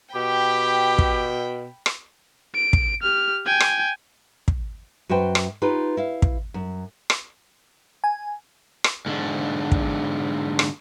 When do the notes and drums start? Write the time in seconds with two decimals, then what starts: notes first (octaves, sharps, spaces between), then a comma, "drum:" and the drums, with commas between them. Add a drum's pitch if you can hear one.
0.15 B2 G4 G5 B5
0.99 drum: kick
1.86 drum: rim click
2.55 D7
2.73 drum: kick
3.03 G4 F6
3.46 G5 G#5
3.60 drum: rim click
4.48 drum: kick
5.09 F#2 F#4 B4 C5 G5
5.35 drum: rim click
5.62 D#4 F4 G4 B4
5.97 E4 F5
6.22 drum: kick
6.54 F#2
7.10 drum: rim click
8.04 G#5
8.84 drum: rim click
9.06 G#2 D3
9.72 drum: kick
10.59 drum: rim click